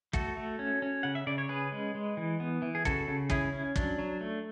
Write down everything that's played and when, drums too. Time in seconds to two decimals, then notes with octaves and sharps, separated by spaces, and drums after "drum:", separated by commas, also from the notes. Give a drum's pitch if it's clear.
0.13 A3 F#4 A4, drum: kick
0.37 A3
0.59 C#4
0.82 C#4
1.03 C#3 F#5
1.15 E5
1.27 C#3 D5
1.38 C#5
1.49 C#4 G#4 B4
1.72 G#3
1.95 G#3
2.17 E3
2.40 B3
2.62 E3
2.75 G#4
2.85 C#3 F#4 A4, drum: kick
3.08 C#3
3.30 C#4 E4 G#4, drum: kick
3.53 C#4
3.76 F#3 D4, drum: kick
3.99 F#3
4.21 A3